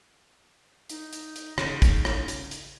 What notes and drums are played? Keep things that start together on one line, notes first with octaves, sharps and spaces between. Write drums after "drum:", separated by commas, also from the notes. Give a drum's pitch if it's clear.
D#4, drum: hi-hat
drum: hi-hat
drum: hi-hat
C#3, drum: rim click
drum: kick, hi-hat
drum: rim click
drum: hi-hat
drum: hi-hat